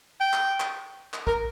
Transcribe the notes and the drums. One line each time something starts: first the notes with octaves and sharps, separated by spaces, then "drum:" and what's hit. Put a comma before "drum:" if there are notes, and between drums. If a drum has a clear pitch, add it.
G5
drum: clap
drum: clap
drum: clap
A#4, drum: kick